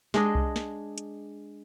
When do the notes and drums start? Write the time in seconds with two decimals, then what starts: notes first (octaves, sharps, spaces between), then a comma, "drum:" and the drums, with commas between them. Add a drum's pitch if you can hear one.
0.14 G#3 D4 D#5, drum: snare
0.35 drum: kick C2
0.56 drum: snare
0.98 drum: hi-hat